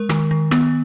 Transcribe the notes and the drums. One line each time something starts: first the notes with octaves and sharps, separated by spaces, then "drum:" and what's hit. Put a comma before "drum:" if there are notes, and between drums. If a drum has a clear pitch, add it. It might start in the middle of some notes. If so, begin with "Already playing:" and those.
Already playing: G#3 A#4
D#3, drum: rim click
D#3
B3, drum: rim click